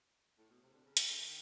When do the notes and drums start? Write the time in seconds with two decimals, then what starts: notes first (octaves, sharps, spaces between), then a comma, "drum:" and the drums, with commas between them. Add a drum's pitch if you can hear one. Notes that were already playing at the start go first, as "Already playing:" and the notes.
0.38 A2
0.50 B2
0.62 C3
0.73 D3
0.85 C#3
0.97 D3, drum: hi-hat
1.09 D3
1.21 D#3